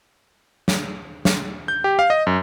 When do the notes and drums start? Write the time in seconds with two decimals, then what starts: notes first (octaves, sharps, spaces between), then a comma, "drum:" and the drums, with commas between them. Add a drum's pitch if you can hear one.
0.68 drum: snare
1.25 drum: snare
1.68 G6
1.84 G4
1.99 F5
2.10 D#5
2.27 F#2